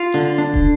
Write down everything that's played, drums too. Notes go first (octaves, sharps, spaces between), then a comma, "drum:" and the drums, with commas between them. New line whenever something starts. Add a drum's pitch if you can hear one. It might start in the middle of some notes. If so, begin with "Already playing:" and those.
Already playing: F4
D3
D4
drum: kick